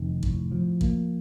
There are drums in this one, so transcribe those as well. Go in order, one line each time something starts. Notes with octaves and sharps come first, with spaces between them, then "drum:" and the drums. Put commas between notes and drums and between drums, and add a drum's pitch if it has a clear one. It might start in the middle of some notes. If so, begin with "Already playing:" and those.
Already playing: F1 D#3
A2, drum: kick
F3
A#3, drum: kick